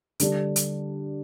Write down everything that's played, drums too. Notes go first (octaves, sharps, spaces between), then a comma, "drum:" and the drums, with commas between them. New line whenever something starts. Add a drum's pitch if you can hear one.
D3 G3 D4, drum: hi-hat
drum: hi-hat